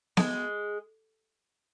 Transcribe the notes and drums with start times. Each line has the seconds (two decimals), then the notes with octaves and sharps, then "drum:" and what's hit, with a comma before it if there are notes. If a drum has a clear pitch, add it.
0.17 G#3, drum: snare B3